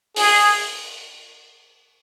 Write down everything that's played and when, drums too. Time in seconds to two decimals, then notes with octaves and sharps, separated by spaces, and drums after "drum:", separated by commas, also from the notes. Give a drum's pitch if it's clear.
0.16 G#4, drum: open hi-hat